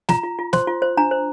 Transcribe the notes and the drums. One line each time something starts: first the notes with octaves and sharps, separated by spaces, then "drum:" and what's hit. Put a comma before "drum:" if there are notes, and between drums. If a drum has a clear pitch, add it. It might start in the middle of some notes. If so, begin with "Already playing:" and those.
F4 A#5, drum: snare
F4
F4
C5 C6, drum: snare
F4
C5
D4 A#5
C5